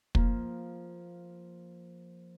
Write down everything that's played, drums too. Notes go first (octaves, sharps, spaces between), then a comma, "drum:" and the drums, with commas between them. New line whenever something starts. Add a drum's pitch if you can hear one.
F3 A#3, drum: kick